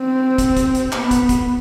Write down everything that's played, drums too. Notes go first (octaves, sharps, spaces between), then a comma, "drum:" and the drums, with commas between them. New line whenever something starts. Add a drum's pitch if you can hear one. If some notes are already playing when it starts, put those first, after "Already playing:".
Already playing: C4
drum: kick, hi-hat
drum: kick, hi-hat
drum: hi-hat
B3, drum: clap
drum: kick, hi-hat
drum: kick, hi-hat